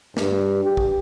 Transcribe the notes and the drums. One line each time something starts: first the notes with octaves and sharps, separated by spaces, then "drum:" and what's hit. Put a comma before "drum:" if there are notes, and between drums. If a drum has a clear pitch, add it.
G2, drum: snare
G4
drum: kick